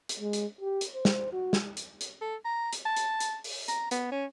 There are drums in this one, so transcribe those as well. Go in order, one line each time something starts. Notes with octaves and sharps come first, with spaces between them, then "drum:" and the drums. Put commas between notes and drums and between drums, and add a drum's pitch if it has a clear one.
drum: hi-hat
G#3
drum: hi-hat
G4
drum: hi-hat
C5
drum: snare
F#4
drum: snare
drum: hi-hat
drum: hi-hat
A4
A#5
drum: hi-hat
A5
drum: hi-hat
drum: hi-hat
drum: open hi-hat
A#5, drum: hi-hat
B3, drum: hi-hat
C#4